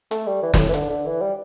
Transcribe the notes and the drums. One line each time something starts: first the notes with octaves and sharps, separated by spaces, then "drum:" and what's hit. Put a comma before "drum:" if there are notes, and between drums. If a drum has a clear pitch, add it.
A3, drum: hi-hat
G3
E3
G2, drum: snare
A2
E3
D3, drum: hi-hat
D3
E3
G3